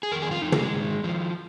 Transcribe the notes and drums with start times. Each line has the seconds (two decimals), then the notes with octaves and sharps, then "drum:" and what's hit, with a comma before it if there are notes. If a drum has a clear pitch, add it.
0.03 G#4
0.12 F2 D#3 A#4
0.22 G#4
0.31 F4
0.42 F2 F3 D#4
0.52 A#3, drum: tom
0.63 G#3
0.73 G#2 D#3
1.04 F2 D#3 F3